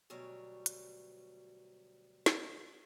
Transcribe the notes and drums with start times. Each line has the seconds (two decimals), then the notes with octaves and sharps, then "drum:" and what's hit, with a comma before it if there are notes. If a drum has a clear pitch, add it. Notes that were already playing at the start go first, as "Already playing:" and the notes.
0.10 D2 B2 F#3 G3 C#5
0.66 drum: hi-hat
2.26 drum: snare